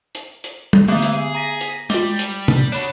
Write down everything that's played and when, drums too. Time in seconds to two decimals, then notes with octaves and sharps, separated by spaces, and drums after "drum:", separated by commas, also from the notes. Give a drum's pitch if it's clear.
0.15 drum: hi-hat
0.44 drum: hi-hat
0.73 drum: tom
0.88 D3 E3 G#3 A3 B3
1.02 drum: hi-hat
1.14 G#4
1.35 A#5 A#6 B6
1.61 drum: hi-hat
1.90 G3 G#3 F4 D6, drum: hi-hat
2.19 drum: hi-hat
2.48 drum: tom
2.72 D4 F#4 C#5 B5